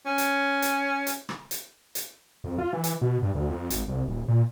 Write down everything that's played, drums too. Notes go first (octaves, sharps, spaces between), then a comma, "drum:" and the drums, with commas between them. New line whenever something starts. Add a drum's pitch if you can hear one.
C#4
drum: hi-hat
drum: hi-hat
drum: hi-hat
drum: rim click
drum: hi-hat
drum: hi-hat
F2
F4
E3
drum: hi-hat
B2
G2
D2
F2
G#1, drum: hi-hat
C2
D#1
A#2